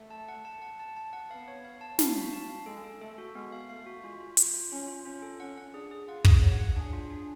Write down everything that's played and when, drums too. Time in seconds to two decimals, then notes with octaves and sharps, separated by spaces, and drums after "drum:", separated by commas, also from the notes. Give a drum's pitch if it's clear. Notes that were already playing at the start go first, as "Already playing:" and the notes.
Already playing: A3
0.10 A5
0.28 F#5
0.45 A5
0.62 F#5
0.79 A5
0.97 A5
1.13 F#5
1.31 B3 F5
1.48 C#5
1.65 F5
1.81 A5
1.99 F5, drum: snare
2.16 F#4
2.33 A5
2.49 F5
2.66 G#3 A4
2.84 A4
3.01 A3 A4
3.18 F#4
3.35 G#3 B3
3.52 F5
3.69 A3 F5
3.86 F#4
4.04 G#3 F4
4.20 F4
4.37 F4, drum: hi-hat
4.54 F4
4.71 C#4 F4
4.88 F4
5.05 C#4 F4
5.22 A4
5.40 C#4 F#5
5.57 F#5
5.73 D4 G#4
5.91 G#4
6.07 F4 F#5
6.25 G#4, drum: kick
6.42 F#4 C#5
6.59 F#5
6.76 D4 G#4
6.93 F4
7.10 D4